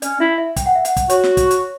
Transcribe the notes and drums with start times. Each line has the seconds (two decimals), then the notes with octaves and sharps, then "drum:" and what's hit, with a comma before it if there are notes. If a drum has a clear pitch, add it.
0.02 C#4 D5, drum: hi-hat
0.20 E4 E5
0.38 E5
0.56 G5, drum: kick, hi-hat
0.66 F#5
0.75 E5
0.85 F#5, drum: hi-hat
0.96 drum: kick, hi-hat
1.10 F#4 C#5, drum: hi-hat
1.24 drum: snare
1.37 drum: kick, hi-hat
1.51 drum: hi-hat